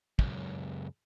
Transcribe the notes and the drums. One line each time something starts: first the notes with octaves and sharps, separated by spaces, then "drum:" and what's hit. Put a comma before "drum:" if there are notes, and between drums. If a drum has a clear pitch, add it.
C#2 F#2, drum: kick